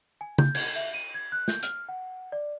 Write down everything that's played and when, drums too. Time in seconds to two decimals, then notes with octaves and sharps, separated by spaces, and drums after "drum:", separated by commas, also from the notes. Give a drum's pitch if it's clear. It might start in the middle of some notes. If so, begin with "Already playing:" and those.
0.21 G#5
0.38 G6, drum: tom C#3
0.55 G#6, drum: cymbal
0.76 E5
0.94 D#7
1.14 G#6
1.32 F#6
1.48 G6, drum: snare
1.63 F6, drum: hi-hat
1.89 F#5
2.32 D5